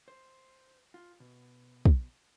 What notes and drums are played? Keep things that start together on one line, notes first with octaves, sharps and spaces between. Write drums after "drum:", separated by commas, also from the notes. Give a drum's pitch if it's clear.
C5
F4
B2
drum: kick